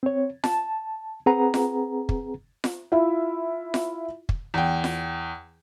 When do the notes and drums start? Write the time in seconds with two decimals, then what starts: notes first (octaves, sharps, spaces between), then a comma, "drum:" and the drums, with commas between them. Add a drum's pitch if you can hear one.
0.03 C4 C#5
0.44 A5, drum: snare F4
1.26 C4 G#4 B4 F#5 A#5
1.54 drum: snare F4
2.09 drum: kick
2.64 drum: snare F4
2.92 E4 F4 E5
3.74 drum: snare F4
4.29 drum: kick
4.54 E2 G5
4.84 drum: snare F4